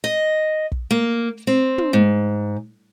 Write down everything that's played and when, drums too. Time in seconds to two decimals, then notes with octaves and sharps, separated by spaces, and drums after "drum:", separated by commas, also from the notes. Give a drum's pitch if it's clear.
0.04 D#5
0.72 drum: kick
0.91 A#3
1.47 C4
1.78 drum: tom
1.93 G#2